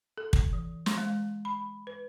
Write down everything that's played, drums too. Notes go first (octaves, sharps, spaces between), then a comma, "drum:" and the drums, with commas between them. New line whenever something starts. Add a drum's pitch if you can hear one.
A4
drum: kick
E3
C6, drum: snare
G#3
B5
B4